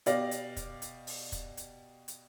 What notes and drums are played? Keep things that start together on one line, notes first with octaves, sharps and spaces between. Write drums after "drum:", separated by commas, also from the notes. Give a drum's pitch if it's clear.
B2 G4 D5 F5 A#6, drum: hi-hat
drum: hi-hat
drum: kick, hi-hat
drum: hi-hat
drum: open hi-hat
drum: kick, hi-hat
drum: hi-hat
drum: hi-hat